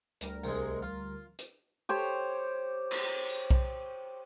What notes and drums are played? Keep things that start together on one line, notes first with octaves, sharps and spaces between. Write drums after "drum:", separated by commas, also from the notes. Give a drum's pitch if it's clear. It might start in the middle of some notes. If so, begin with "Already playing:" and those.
D2 G3 A#4, drum: hi-hat
C2 G#3, drum: tambourine
F4
drum: hi-hat
G4 C5 C#5
drum: cymbal
drum: tambourine
drum: kick B1